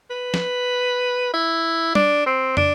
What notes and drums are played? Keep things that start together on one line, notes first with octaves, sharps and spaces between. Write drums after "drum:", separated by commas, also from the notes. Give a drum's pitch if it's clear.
B4
drum: snare
E4
D4, drum: tom
C4
D4, drum: tom